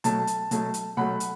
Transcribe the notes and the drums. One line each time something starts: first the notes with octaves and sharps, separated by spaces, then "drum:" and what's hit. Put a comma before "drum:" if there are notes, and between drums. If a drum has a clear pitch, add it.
B2 F#3 A3 A5, drum: hi-hat
drum: hi-hat
B2 F#3 A3, drum: hi-hat
drum: hi-hat
B2 F#3 A3 F#5 B5
drum: hi-hat